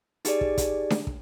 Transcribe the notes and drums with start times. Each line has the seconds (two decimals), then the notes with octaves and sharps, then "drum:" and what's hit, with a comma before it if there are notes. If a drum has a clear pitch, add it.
0.25 D#4 G4 G#4 D5, drum: hi-hat
0.41 drum: kick
0.58 drum: kick, hi-hat
0.90 drum: snare D4
1.07 drum: kick